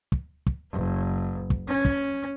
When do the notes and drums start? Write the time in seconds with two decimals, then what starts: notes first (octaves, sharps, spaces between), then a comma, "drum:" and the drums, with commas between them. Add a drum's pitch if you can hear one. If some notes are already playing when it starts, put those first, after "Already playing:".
0.12 drum: kick
0.47 drum: kick
0.73 F#1
1.50 drum: kick
1.67 C#4
1.85 drum: kick